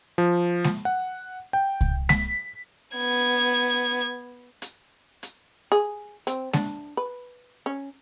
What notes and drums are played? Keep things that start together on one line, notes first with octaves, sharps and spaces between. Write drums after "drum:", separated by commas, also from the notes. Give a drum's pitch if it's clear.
F3
drum: snare G#3
F#5
G5
drum: kick C2
B6, drum: snare G#3
B3 G#6
drum: hi-hat
drum: hi-hat
G#4
C4, drum: hi-hat
D4, drum: snare G#3
B4
C#4